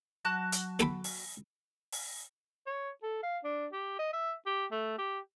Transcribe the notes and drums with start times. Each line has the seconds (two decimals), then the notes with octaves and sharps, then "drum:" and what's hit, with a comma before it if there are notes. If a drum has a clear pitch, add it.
0.25 F#3 F#4 A5 F#6
0.52 drum: hi-hat
0.79 A4 G5 B5, drum: snare
1.04 drum: open hi-hat
1.93 drum: open hi-hat
2.67 C#5
3.03 A4
3.23 F5
3.44 D4
3.72 G4
3.99 D#5
4.13 E5
4.46 G4
4.71 A3
4.98 G4